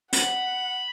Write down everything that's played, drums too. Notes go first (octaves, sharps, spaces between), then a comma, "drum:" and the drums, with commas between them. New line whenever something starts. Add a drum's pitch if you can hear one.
F#5 B5, drum: hi-hat